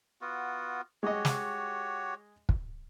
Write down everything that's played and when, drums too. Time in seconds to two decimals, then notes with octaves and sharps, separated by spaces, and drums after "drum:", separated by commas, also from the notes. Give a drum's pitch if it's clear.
0.21 B3 F4 F#4
1.03 G#3 F#4 G4 C#5 D#5
1.25 drum: snare
2.49 drum: kick